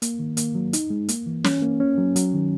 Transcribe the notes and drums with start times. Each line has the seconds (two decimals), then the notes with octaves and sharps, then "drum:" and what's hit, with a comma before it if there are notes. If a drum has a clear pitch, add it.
0.02 A#3, drum: hi-hat
0.19 D#3
0.37 A#3, drum: hi-hat
0.55 F#3
0.73 D#4, drum: hi-hat
0.90 G#3
1.09 A#3, drum: hi-hat
1.26 E3
1.44 C#4, drum: snare
1.62 A#3
1.80 C#4
1.98 F#3
2.16 F#3, drum: hi-hat
2.33 D#3